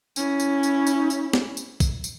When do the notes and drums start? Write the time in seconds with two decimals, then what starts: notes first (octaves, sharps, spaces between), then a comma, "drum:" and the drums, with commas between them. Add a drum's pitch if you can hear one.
0.16 C#4 E4, drum: tambourine
0.40 drum: tambourine
0.63 drum: tambourine
0.87 drum: tambourine
1.10 drum: tambourine
1.33 drum: snare
1.57 drum: tambourine
1.80 drum: kick, tambourine
2.04 drum: tambourine